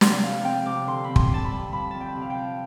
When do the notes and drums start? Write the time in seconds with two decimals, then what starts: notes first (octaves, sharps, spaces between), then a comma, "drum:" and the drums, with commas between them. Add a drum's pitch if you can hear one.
0.01 C3 C6, drum: snare
0.23 F3 F5
0.44 C4 G5
0.65 C3 D6
0.87 D3 C6
1.04 C4 B5
1.16 C6, drum: kick
1.30 D3 A5
1.44 B5
1.51 G3
1.73 F3 B5
1.91 F2 A5
2.01 G5
2.15 C3
2.22 F5
2.30 G5
2.37 F3